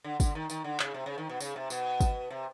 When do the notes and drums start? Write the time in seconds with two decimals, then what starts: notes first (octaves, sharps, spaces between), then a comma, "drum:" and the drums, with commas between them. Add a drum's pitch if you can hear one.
0.04 D3
0.20 D3, drum: kick, tambourine
0.35 D#3
0.50 D#3, drum: tambourine
0.64 D3
0.80 C#3, drum: clap
0.94 C3
1.06 C#3
1.18 D#3
1.29 B2
1.40 C#3, drum: tambourine
1.56 C3
1.70 B2, drum: tambourine
2.01 drum: kick, tambourine
2.30 C3